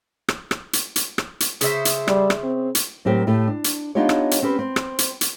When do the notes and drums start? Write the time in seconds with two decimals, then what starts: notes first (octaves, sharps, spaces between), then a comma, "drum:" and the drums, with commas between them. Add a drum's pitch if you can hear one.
0.29 drum: rim click
0.51 drum: rim click
0.73 drum: hi-hat
0.96 drum: hi-hat
1.18 drum: rim click
1.40 drum: hi-hat
1.61 C#3 C5 E5, drum: hi-hat
1.85 drum: hi-hat
2.08 G3, drum: rim click
2.30 drum: rim click
2.44 C4
2.75 drum: hi-hat
3.05 A2 F#3 C4 G4 A#4 C5
3.27 A2 A3 G4
3.47 D4
3.64 drum: hi-hat
3.95 B3 D4 D#4 F4 G4 C#5
4.09 drum: rim click
4.31 drum: hi-hat
4.42 C4 C#4 G4 B4
4.59 C4
4.76 drum: rim click
4.99 drum: hi-hat
5.21 drum: hi-hat